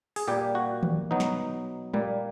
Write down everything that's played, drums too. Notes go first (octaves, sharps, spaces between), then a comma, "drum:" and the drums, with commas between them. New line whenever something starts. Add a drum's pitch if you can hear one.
G#4, drum: open hi-hat
A#2 G3 A#3 G4
F#4
drum: tom D#3
B2 F#3 B3 D#4
drum: snare
A#2 G3 A#3, drum: tom G3